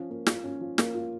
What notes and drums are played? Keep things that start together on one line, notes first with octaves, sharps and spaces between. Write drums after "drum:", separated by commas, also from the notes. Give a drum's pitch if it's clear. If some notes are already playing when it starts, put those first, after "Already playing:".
Already playing: F3 C#4
A#3
F4, drum: snare
C#4
F3
A#3, drum: snare
F4